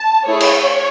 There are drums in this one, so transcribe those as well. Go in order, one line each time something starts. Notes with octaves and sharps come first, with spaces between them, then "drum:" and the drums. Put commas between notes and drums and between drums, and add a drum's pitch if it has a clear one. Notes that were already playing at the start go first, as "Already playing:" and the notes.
Already playing: A5
A3 E4 G#4 C#5
drum: cymbal